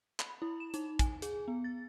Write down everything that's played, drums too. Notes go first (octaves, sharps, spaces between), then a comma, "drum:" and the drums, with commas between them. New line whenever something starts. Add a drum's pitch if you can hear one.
B5, drum: clap
E4
E7
D#4, drum: hi-hat
G#5, drum: kick, hi-hat
G#4, drum: hi-hat
B3
A6